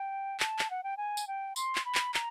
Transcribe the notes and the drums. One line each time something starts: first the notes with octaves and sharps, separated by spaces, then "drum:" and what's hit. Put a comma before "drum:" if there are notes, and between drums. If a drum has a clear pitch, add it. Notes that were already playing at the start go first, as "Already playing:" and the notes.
Already playing: G5
A5, drum: clap
drum: clap
F#5
G5
G#5
drum: tambourine
G5
C6, drum: tambourine
drum: clap
B5
drum: clap
A#5, drum: clap